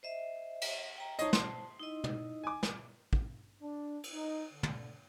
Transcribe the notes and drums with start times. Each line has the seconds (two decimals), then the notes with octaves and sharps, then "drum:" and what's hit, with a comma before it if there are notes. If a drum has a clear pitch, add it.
0.03 C5 D#5 E5
0.62 drum: cymbal
0.97 G5 A#5
1.19 D#4 C5 C#5 D#5 A5, drum: hi-hat
1.33 C6, drum: snare
1.80 D#4 E4 D#5
2.04 drum: tom
2.44 G#5 D6
2.63 drum: snare
3.13 drum: kick
3.62 D4
4.04 drum: cymbal
4.13 D#4
4.53 D3
4.63 drum: tom